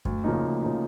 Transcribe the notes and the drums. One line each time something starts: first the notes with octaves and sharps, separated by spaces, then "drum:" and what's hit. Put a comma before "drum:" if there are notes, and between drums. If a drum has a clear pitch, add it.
D2, drum: kick F#2
C#3 F3 A#3 D#4
D2
C#3 F3 A#3 D#4